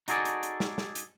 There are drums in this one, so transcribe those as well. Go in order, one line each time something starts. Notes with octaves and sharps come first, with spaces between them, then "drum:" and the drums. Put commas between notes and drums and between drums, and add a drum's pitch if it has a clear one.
D#4 F#4 G#4 A4 D5, drum: hi-hat
drum: hi-hat
drum: hi-hat
drum: snare
drum: snare
drum: hi-hat